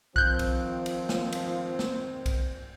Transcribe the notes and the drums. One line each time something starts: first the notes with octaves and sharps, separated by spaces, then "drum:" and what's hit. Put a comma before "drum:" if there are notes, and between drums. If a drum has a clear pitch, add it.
D#3 F3 C4 F#6 G6, drum: kick B1
drum: kick B1, cymbal
drum: cymbal
drum: snare
drum: cymbal
drum: snare
drum: kick B1, cymbal